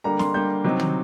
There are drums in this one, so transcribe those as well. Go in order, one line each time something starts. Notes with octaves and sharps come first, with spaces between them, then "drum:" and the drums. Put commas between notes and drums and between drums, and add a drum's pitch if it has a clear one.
D3 G3 A#3 A#5
C6, drum: snare
D3 G3 A#3 G6
C3 F#3 C4 D#4
drum: tom